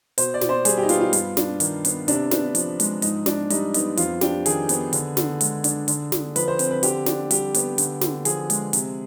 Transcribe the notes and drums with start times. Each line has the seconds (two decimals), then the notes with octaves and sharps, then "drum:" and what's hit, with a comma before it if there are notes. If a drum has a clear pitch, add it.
0.18 B2 C5, drum: hi-hat
0.34 D5
0.41 B2, drum: snare
0.49 C5
0.65 G3 G#4, drum: hi-hat
0.77 G4
0.83 D#4
0.89 B3 F4, drum: hi-hat
1.01 F4
1.13 G2, drum: hi-hat
1.37 D4, drum: snare
1.60 D#3, drum: hi-hat
1.85 B3, drum: hi-hat
2.08 C3 D4, drum: hi-hat
2.31 B3 D4, drum: snare
2.55 F3, drum: hi-hat
2.80 G#3, drum: hi-hat
3.02 G#2 D#4, drum: hi-hat
3.26 D4, drum: snare
3.50 G3 D#4, drum: hi-hat
3.74 B3 D#4, drum: hi-hat
3.97 F2 F4, drum: hi-hat
4.21 D4 G4, drum: snare
4.46 D#3 G#4, drum: hi-hat
4.69 B3, drum: hi-hat
4.93 D3, drum: hi-hat
5.17 D3, drum: snare
5.41 G#3, drum: hi-hat
5.64 D4, drum: hi-hat
5.88 D3, drum: hi-hat
6.12 D3, drum: snare
6.36 F3 B4, drum: hi-hat
6.48 C5
6.59 C4, drum: hi-hat
6.71 B4
6.83 D3 G4, drum: hi-hat
7.06 D4, drum: snare
7.31 G3 G4, drum: hi-hat
7.54 B3, drum: hi-hat
7.78 D3, drum: hi-hat
8.01 D3, drum: snare
8.25 F3 G#4, drum: hi-hat
8.50 G#3, drum: hi-hat
8.73 C3, drum: hi-hat